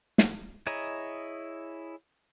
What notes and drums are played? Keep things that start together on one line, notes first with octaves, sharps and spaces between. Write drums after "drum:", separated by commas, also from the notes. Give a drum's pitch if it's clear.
drum: snare
E4 G#4 C#5 D#5 A#5